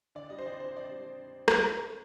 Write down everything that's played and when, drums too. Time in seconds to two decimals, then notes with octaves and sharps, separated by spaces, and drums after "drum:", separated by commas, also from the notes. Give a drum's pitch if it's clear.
0.15 D3 D5
0.30 G3 D#5
0.38 C5
0.45 F2 D5
0.60 F2 C5
0.71 C5
0.75 D3 D5
0.91 G3
1.48 drum: rim click